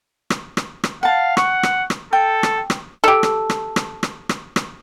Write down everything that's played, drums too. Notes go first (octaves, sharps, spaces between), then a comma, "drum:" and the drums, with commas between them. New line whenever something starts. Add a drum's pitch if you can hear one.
drum: rim click
drum: rim click
drum: rim click
F5 F#5 A5
F#5 C#6, drum: rim click
drum: rim click
drum: rim click
A4 G5
drum: rim click
drum: rim click
G4 A4
drum: rim click
drum: rim click
drum: rim click
drum: rim click
drum: rim click
drum: rim click